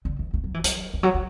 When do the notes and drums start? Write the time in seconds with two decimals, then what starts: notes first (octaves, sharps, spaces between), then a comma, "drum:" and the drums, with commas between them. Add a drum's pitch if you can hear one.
0.05 D3
0.19 E3
0.34 A3
0.44 F#3
0.54 E3
0.64 F#3, drum: hi-hat
0.94 E3
1.03 F#3
1.14 F#3